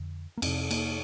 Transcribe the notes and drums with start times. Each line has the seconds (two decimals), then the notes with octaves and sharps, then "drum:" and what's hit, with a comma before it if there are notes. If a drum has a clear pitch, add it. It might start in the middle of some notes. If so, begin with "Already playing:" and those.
Already playing: F2 D3
0.37 A#3
0.42 F2 C3 C4, drum: cymbal
0.71 A#3, drum: cymbal